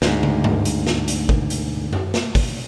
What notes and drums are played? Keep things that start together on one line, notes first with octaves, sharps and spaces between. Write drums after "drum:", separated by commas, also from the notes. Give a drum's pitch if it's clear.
D2 G#2, drum: snare
drum: tom
drum: tom G2
drum: hi-hat
drum: snare
drum: hi-hat
drum: kick
drum: hi-hat
drum: tom F#2
drum: snare
drum: kick, open hi-hat